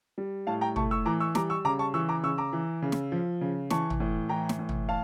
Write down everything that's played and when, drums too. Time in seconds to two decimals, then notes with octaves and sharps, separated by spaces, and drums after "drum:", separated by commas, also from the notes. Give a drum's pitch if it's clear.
0.18 G3
0.47 A2 F5 A5
0.61 G5 A#5
0.76 A3 A5 C#6, drum: tom
0.91 C#6 E6
1.05 E3 A#5 D6
1.20 C#6 E6
1.35 G3 A#5 D6, drum: snare
1.50 C#6 E6
1.65 C#3 A#5 D6
1.79 A5 C#6
1.94 E3 C#6 E6
2.09 A#5 D6
2.23 C#3 C#6 E6
2.38 A#5 D6
2.53 E3
2.82 C#3
2.92 drum: snare
3.12 F3
3.41 C#3
3.70 E3 A5 C#6, drum: snare
3.90 drum: tom
4.00 A2
4.29 E3 G5 A#5
4.49 drum: snare
4.59 A2
4.69 drum: tom
4.89 F5 A5